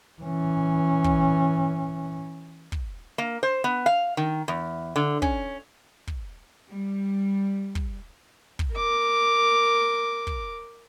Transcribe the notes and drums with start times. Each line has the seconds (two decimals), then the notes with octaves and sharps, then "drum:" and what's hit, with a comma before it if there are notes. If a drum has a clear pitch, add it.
0.22 E3 C#4
1.04 drum: kick
2.72 drum: kick
3.18 A#3
3.43 C5
3.64 B3
3.86 F5
4.17 D#3
4.48 E2
4.96 D3
5.22 C#4, drum: kick
6.07 drum: kick
6.70 G3
7.75 drum: kick
8.59 drum: kick
8.74 A#4 D6
10.27 drum: kick